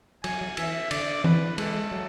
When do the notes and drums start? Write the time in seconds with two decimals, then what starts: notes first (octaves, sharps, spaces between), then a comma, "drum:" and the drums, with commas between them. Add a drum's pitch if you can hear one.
0.24 F#3 G#5, drum: cymbal
0.41 F#3
0.57 E3 E5, drum: cymbal
0.91 D3 D5, drum: cymbal
1.24 E3 B4, drum: tom E3
1.58 G#3 A4, drum: cymbal
1.74 G#3
1.91 F#3